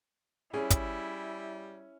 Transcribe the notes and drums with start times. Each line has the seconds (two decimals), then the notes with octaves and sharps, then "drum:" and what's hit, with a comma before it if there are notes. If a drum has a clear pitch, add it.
0.54 G3 C#4 E4 G#4
0.70 drum: kick, hi-hat